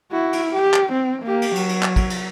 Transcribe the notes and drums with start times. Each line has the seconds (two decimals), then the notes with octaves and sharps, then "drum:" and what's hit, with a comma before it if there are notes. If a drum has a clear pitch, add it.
0.12 E4 F#4
0.33 drum: cymbal
0.51 G4
0.74 drum: clap
0.93 C4
1.23 A#3 G4
1.42 drum: cymbal
1.55 F#3, drum: cymbal
1.69 drum: cymbal
1.83 drum: clap
1.96 drum: kick, cymbal
2.10 drum: cymbal